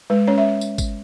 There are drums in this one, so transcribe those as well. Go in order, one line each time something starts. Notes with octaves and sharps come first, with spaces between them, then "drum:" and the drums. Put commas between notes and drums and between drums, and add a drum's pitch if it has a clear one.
G#3 B4
C#4 C#5
E5
drum: tambourine
drum: kick, tambourine